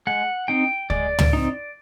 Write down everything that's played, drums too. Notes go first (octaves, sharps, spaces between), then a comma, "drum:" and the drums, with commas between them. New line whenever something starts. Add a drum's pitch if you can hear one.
G#3 F#5
C4 D#4 G5
G#3 D5, drum: kick
drum: tom
C4 D#4